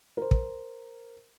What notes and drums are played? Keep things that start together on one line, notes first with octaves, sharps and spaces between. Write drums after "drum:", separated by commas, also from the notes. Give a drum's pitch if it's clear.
A#4 C5
drum: kick